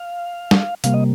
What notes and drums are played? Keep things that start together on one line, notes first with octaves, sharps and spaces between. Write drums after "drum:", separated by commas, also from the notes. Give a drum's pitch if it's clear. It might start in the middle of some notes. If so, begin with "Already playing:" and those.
Already playing: F5
drum: snare
C3 G3 A#3 F5, drum: hi-hat
D#5